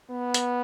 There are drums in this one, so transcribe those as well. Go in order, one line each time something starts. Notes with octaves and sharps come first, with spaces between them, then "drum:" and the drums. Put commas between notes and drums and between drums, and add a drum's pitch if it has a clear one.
B3
drum: hi-hat